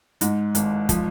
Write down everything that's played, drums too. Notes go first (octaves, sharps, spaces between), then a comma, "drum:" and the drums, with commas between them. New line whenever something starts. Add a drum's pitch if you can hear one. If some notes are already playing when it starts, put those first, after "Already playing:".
G#2 G#3, drum: hi-hat
G#1, drum: hi-hat
F3, drum: kick, hi-hat